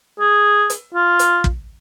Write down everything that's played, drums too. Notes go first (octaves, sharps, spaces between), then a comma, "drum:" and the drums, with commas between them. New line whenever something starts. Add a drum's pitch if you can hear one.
G#4
drum: hi-hat
F4
drum: hi-hat
drum: kick